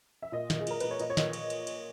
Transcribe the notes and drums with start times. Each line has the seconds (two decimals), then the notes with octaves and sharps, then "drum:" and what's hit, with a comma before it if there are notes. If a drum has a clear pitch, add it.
0.22 E5
0.32 A#2 D#5
0.50 A#2, drum: snare
0.61 G#4
0.67 A#2 A#4, drum: cymbal
0.80 A#2 B4, drum: cymbal
0.91 C#5
1.00 A#2 D#5, drum: cymbal
1.10 C#5
1.17 A#2 D#5, drum: snare
1.33 drum: cymbal
1.50 drum: cymbal
1.67 drum: cymbal